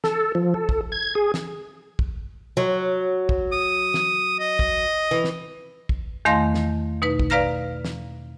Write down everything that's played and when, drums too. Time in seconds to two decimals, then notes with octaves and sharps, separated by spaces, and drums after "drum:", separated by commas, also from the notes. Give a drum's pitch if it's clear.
0.04 A4, drum: snare
0.35 F3
0.54 A4
0.69 drum: kick
0.92 G#6
1.15 G#4
1.34 drum: snare
1.99 drum: kick
2.57 F#3
3.29 drum: kick
3.53 D#6
3.94 drum: snare
4.40 D#5
4.59 drum: kick
5.11 E3
5.24 drum: snare
5.89 drum: kick
6.25 E2 D#3 A3 F5 C6 A#6
6.54 drum: snare
7.02 B2 D#4 B4
7.19 drum: kick
7.30 B4 D5 F5 A#5 F6 A#6
7.85 drum: snare